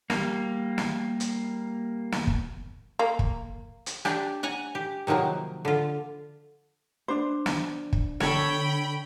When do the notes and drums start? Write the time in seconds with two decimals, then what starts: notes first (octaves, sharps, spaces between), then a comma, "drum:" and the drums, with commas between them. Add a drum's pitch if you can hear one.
0.10 G3 A#3, drum: snare
0.78 drum: snare
1.20 drum: hi-hat
2.12 drum: snare
2.27 drum: kick
2.99 A#3
3.19 drum: kick
3.86 drum: hi-hat
4.05 D4 G4, drum: rim click
4.43 F#5 G#5 A#5
4.75 G4
5.07 C3 D#3 F3 F#3 A#3
5.65 D3 F4
7.08 D4 C5
7.46 drum: snare
7.93 drum: kick
8.20 D3 A4 C#5 G5 B5, drum: snare